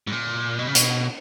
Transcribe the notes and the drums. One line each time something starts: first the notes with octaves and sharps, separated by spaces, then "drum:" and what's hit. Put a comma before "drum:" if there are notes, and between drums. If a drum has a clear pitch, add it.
G#2
A#2
B2
C#3
B2, drum: hi-hat